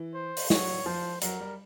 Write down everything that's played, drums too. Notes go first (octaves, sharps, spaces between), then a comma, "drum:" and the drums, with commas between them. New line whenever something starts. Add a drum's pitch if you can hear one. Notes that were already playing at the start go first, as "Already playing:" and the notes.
Already playing: E3
C5
drum: open hi-hat
F#3 C#5, drum: snare
F3 C5
F#3 A#4, drum: hi-hat
G3